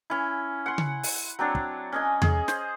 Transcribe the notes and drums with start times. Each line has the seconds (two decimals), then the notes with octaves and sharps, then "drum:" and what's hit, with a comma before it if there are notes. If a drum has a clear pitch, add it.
0.10 C#4 E4
0.66 F#5 C6
0.78 drum: tom C#3
1.03 drum: open hi-hat
1.39 F#3 C4 D4 C#5
1.55 drum: kick
1.92 C#4 D#5 G#5
2.22 G#4, drum: tom E2
2.48 C5, drum: snare